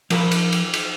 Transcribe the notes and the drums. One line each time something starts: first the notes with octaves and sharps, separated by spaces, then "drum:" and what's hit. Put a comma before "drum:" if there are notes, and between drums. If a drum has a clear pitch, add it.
F3 A#4 A5 B5, drum: cymbal
drum: cymbal
drum: cymbal
drum: cymbal